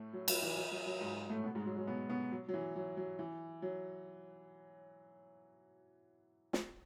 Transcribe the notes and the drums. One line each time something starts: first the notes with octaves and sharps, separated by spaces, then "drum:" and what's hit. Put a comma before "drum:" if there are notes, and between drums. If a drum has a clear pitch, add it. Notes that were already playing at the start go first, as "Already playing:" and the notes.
Already playing: A2 A3
F#3
F#3, drum: cymbal
E3
F#3
F#3
F#3
G#2 G#3
A2 A3
B2 B3
G#2 G#3
F#3
F#3
B2 B3
B2 B3
F#3
F#3
E3
F#3
F#3
E3
F#3
drum: snare